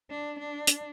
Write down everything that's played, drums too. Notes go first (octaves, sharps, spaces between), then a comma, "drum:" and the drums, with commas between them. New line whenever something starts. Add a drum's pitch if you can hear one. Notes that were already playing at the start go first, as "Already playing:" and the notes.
D4
D4
drum: hi-hat